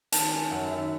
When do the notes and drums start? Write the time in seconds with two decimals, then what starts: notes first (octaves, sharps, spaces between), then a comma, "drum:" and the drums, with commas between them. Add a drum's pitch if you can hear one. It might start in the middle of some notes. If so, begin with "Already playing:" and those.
0.12 D#3 A5, drum: hi-hat
0.31 D#3 G#5
0.51 F#2 F#5
0.70 D#3 E5